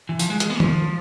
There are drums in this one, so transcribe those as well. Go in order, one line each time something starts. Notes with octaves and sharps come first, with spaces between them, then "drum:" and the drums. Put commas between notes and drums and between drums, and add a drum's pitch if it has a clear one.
E3
F3, drum: tambourine
G#3
G#3, drum: hi-hat
B3
F3, drum: tom D#3